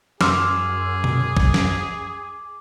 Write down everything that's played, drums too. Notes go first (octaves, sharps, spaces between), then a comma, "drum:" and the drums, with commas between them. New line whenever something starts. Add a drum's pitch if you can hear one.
F#2 G#4 C6 D6 E6 F6, drum: snare
drum: tom B2
drum: kick
drum: snare